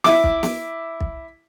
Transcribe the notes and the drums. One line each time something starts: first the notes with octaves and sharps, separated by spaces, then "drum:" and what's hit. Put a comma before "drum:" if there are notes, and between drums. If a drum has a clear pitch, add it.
E4 E5 D6, drum: snare B3
drum: kick
drum: snare B3
drum: kick